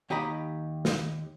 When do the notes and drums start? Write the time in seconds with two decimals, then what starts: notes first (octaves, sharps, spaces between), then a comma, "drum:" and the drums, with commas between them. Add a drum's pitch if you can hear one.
0.10 D#2 G4 D#5 A#5 B5
0.85 drum: snare